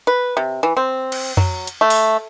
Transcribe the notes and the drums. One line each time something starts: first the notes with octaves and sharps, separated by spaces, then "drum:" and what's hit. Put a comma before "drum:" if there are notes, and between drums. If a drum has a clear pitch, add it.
B4
C3
E3
C4
drum: cymbal
F#3, drum: tom F2
drum: hi-hat
A3
drum: open hi-hat